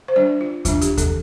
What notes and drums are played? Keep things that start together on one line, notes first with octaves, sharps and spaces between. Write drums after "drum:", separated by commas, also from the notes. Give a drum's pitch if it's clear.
C5
G3 D4 D5
F4
G3 D4 F4, drum: kick D#2, hi-hat
G4, drum: hi-hat
A4, drum: kick D#2, hi-hat